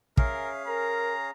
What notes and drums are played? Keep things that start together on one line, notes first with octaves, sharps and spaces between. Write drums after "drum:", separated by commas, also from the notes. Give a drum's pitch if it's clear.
C#4 G#4 A#4 E5 F5, drum: kick
A#4 A#5